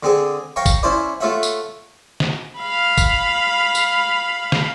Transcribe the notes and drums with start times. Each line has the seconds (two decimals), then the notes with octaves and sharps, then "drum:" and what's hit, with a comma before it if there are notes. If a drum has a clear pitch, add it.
0.03 D3 C4 G#4
0.56 C#5 F5 G5 A#5 C#6
0.66 drum: kick, tambourine
0.83 C#4 E4 C5 D5
1.20 A3 F4 C#5 E5 F#5
1.43 drum: tambourine
2.20 drum: snare
2.59 F5 B5
2.98 drum: kick, tambourine
3.75 drum: tambourine
4.52 drum: snare